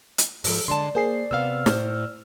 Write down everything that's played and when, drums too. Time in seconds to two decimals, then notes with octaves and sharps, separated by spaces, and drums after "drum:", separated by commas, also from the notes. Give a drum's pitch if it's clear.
0.18 drum: hi-hat
0.44 G#2 F3 A4, drum: open hi-hat
0.68 D3 G#3 D5 A5 C6
0.95 A#3 G#4 C5 C7
1.31 C3 B3 F5 E6 F6
1.66 A2 C5, drum: snare